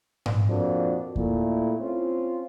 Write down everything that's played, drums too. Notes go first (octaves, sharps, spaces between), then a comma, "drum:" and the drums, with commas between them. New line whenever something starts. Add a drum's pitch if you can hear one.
drum: tom G#2
F2 A#2 D4 F#4
A#2 A3 E4, drum: kick E2
C4 C#4 F4